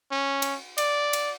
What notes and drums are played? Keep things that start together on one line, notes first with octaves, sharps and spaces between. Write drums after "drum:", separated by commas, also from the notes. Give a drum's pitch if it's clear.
C#4
drum: cymbal
D5, drum: cymbal
drum: cymbal